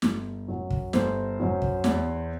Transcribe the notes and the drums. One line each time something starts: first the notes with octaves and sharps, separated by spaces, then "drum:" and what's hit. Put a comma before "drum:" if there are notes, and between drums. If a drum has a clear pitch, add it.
G1, drum: snare
F#2 F#3
drum: kick
G1 C5, drum: snare
F#2 F#3
drum: kick
E2, drum: snare